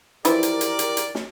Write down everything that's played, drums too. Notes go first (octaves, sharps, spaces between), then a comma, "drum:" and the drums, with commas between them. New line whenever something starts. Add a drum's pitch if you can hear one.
E3 F3 E4 G4 A#4 D5, drum: hi-hat
drum: hi-hat
drum: hi-hat
drum: hi-hat
drum: hi-hat
drum: snare